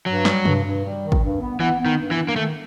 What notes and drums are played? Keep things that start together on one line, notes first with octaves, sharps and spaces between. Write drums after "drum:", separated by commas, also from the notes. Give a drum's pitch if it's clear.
G2 F#3
G3, drum: snare
G2, drum: tom
G2
G3
D#3
drum: kick G#1
G2
B3
E3 B3
B3
D#3
G2
E3
G2
A#3
D#3 A3